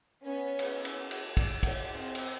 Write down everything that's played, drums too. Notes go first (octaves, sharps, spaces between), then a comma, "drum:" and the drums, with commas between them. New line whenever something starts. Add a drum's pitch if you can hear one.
B3 C#4
drum: cymbal
drum: cymbal
drum: cymbal
D5, drum: kick, cymbal
drum: kick, cymbal
C4
drum: cymbal